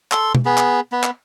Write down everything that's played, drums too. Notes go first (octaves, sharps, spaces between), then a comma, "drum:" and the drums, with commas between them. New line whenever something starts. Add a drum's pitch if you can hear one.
A4 C6, drum: clap
drum: tom
B3 G#4
drum: clap
B3
drum: clap